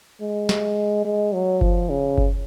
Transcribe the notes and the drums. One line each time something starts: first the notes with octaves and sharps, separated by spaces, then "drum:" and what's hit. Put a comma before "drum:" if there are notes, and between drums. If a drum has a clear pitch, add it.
G#3
drum: snare
G#3
F#3
F3, drum: kick F#1
C#3
drum: kick F#1